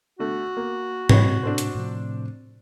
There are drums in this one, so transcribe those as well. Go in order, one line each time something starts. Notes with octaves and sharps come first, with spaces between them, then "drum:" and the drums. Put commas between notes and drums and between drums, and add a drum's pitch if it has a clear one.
D3 A3 F#4
A#3
A2 C3 A3 B4 C#5 D#5, drum: tom G#2
D4 A4 C5
drum: hi-hat
A2 C3 F3